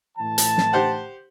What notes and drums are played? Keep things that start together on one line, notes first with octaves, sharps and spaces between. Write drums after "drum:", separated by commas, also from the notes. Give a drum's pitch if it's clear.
A2 E3 A5
drum: hi-hat
drum: snare
G4 C5 F#5